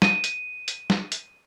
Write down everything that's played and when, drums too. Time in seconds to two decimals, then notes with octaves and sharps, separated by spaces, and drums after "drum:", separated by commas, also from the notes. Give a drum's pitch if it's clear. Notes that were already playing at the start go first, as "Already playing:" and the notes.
0.02 D#7, drum: snare
0.24 drum: hi-hat
0.68 drum: hi-hat
0.90 drum: snare
1.12 drum: hi-hat